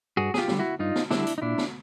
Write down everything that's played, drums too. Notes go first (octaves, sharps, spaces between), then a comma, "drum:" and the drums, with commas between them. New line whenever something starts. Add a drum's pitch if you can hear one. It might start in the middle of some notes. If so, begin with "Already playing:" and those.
G2 F#4 G#4
G#4, drum: snare
F4 G4
D3 G3, drum: snare
E4 F#4
G2 D#4 F4
drum: snare
D3 G3 D4 E4, drum: snare
drum: hi-hat
D#4
A#2 D4 E4
drum: snare